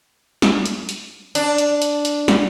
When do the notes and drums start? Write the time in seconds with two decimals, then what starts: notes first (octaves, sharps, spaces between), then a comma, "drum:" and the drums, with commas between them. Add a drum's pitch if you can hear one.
0.42 drum: snare
0.66 drum: hi-hat
0.89 drum: hi-hat
1.35 D4, drum: hi-hat
1.58 drum: hi-hat
1.82 drum: hi-hat
2.05 drum: hi-hat
2.28 drum: snare